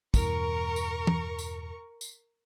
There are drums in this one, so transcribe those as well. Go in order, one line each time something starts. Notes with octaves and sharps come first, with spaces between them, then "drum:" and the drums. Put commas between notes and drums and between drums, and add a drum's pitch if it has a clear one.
E2 G2 B2 A#4 C#6, drum: kick, tambourine
drum: tambourine
drum: tom
drum: tambourine
drum: tambourine